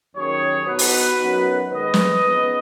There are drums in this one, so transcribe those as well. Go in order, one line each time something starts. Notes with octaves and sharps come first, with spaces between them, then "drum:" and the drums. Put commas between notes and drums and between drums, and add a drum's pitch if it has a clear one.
D#2 D#3 F#3 C#4 G#4 C#5
B2 B3 D#4 F#4 B4
drum: open hi-hat
F#2 F#3 B3 D#4
D#2 D#3 G#3 B4 D#5
drum: snare
C#2 C#3 B3 D#4